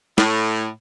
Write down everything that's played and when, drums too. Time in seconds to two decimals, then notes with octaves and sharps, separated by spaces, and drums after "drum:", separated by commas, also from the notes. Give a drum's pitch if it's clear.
0.18 A2, drum: snare